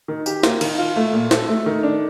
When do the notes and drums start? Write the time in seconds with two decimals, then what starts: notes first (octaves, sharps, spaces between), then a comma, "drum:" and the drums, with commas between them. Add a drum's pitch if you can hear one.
0.08 D#3
0.26 G4, drum: tambourine
0.43 A#3, drum: snare
0.61 D#3, drum: cymbal
0.78 F4
0.96 A3
1.13 A#2
1.31 A4, drum: snare
1.49 A3
1.66 D#3
1.83 D4